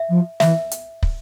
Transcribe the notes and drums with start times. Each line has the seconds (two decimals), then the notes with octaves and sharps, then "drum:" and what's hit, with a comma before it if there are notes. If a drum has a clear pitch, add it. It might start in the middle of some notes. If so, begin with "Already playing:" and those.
Already playing: E5
0.09 F3
0.40 E3 E5, drum: snare
0.71 drum: hi-hat
1.03 drum: kick